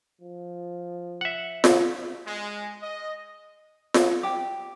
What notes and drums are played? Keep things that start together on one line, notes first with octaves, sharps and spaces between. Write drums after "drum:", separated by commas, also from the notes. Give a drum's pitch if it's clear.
F3
E5 F#5
drum: snare F4
G#3
D#5
drum: snare F4
G4